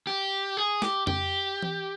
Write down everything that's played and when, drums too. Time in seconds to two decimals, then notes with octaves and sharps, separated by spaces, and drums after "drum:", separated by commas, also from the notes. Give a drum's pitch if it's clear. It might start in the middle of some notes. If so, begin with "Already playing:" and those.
0.07 G4
0.57 G#4
0.82 G4, drum: snare
1.07 G4, drum: tom F2
1.63 drum: tom E3